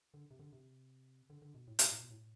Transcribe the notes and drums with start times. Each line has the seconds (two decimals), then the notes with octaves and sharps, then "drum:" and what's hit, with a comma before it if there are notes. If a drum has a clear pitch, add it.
0.14 D3
0.31 C3
0.39 D3
0.53 C3
1.30 D3
1.42 D3
1.55 B2
1.67 A2
1.79 B2, drum: hi-hat
1.89 A2
1.99 B2
2.10 A2